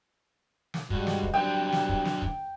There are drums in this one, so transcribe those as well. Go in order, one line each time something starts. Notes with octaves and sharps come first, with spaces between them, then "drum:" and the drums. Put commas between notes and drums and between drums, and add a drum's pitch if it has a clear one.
drum: snare
G2 G3 G#3 F#4, drum: kick
drum: snare
drum: kick
D3 F#3 G3 G5
drum: snare
drum: kick
drum: snare
drum: kick